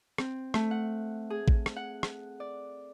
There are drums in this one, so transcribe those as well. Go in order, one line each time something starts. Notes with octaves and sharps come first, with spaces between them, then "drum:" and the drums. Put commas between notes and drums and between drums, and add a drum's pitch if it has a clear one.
C4, drum: rim click
A3, drum: rim click
F#5
G#4
drum: kick A1
drum: rim click
F#5
drum: rim click
D5